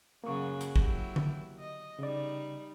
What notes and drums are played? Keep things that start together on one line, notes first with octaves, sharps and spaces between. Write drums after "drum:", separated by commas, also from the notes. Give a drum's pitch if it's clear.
F#2 C#3 F#3 A#3 C#6
drum: hi-hat
F#3 E4 G4, drum: kick
drum: tom D3
D#5
C#3 G3 D#4 D5